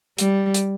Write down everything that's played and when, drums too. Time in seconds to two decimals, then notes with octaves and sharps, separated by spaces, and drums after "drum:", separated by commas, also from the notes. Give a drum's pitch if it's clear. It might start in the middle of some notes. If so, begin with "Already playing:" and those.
0.18 G3, drum: hi-hat
0.54 drum: hi-hat